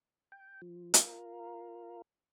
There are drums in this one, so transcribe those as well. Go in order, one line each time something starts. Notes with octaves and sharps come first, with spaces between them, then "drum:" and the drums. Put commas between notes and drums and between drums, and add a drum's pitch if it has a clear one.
G5
F3
F4 A#4, drum: hi-hat